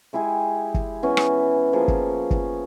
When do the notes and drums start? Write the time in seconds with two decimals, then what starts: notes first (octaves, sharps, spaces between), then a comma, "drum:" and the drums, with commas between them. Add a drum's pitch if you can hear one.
0.13 G#3 E4 G4 G#4
0.74 drum: kick
1.03 E3 B3 C#4
1.17 drum: rim click
1.73 F3 A#3 G#4
1.88 drum: kick
2.31 drum: kick